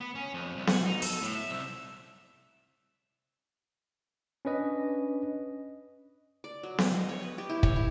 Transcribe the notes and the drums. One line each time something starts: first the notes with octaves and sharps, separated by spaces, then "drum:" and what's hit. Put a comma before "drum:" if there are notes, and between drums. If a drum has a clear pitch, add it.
B3
C#4
F2
C2
F#4, drum: snare B3
D#4
A4, drum: open hi-hat
A2
E5
C2
C#4 D4 B4 D#5
D5
F#3
G5, drum: snare B3
D#5
C#5
B4
G4
E4
C#5, drum: kick
E4